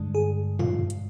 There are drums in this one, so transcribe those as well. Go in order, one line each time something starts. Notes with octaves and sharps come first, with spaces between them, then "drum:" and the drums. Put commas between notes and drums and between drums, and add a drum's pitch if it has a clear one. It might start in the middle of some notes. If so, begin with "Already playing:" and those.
Already playing: G2 D3 G#3
G#4
F4, drum: tom
drum: hi-hat